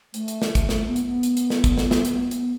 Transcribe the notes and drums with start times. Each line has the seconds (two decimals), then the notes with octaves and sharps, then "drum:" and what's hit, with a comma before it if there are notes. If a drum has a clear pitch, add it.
0.14 A3, drum: hi-hat
0.28 drum: hi-hat
0.42 drum: snare
0.55 drum: kick, hi-hat
0.69 A3, drum: snare
0.87 B3
0.96 drum: hi-hat
1.05 B3
1.23 drum: hi-hat
1.37 drum: hi-hat
1.50 drum: snare
1.64 drum: kick, hi-hat
1.78 drum: snare
1.91 drum: snare
2.05 drum: hi-hat
2.31 B3, drum: hi-hat